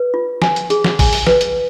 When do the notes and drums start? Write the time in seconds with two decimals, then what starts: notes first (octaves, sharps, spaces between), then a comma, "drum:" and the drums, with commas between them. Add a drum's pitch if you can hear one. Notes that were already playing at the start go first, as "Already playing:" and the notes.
Already playing: B4
0.14 F4
0.42 G#5, drum: snare
0.56 drum: hi-hat
0.70 G#4, drum: hi-hat
0.84 drum: snare
0.99 G#5, drum: kick A1, open hi-hat
1.13 drum: open hi-hat
1.27 B4, drum: snare
1.41 drum: hi-hat